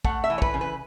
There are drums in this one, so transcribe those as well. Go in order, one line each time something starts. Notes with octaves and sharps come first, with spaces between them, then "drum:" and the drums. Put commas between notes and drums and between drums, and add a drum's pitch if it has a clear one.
A3 F#5, drum: kick
E5
E3
C#5
B4, drum: kick
C#3
B4